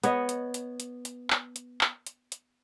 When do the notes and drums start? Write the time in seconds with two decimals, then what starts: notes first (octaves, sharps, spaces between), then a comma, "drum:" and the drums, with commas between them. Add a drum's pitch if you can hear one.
0.04 B3 C#5 D#5, drum: hi-hat
0.29 drum: hi-hat
0.54 drum: hi-hat
0.80 drum: hi-hat
1.05 drum: hi-hat
1.30 drum: clap
1.56 drum: hi-hat
1.81 drum: clap
2.07 drum: hi-hat
2.32 drum: hi-hat